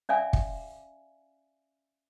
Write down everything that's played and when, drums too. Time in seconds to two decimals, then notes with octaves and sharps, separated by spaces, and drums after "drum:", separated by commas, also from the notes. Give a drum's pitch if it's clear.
0.09 C#4 D5 E5 F5 G#5
0.33 drum: kick